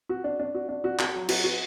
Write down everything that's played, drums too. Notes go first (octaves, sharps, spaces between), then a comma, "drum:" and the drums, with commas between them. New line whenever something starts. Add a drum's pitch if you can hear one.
F#4
D4
D4
F#4
D4
F#4
F#4, drum: clap
F#3
F#4, drum: cymbal
F#4